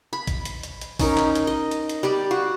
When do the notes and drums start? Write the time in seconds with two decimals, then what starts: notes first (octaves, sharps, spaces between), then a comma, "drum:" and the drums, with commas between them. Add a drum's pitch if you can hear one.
0.13 B5
0.27 drum: kick, hi-hat
0.45 drum: hi-hat
0.63 drum: hi-hat
0.81 drum: hi-hat
0.99 C#4 D#4 A#4, drum: kick, open hi-hat
1.17 drum: clap
1.35 drum: hi-hat
1.47 D#5
1.71 drum: hi-hat
1.89 drum: hi-hat
2.03 G3 G4 D5
2.31 F#4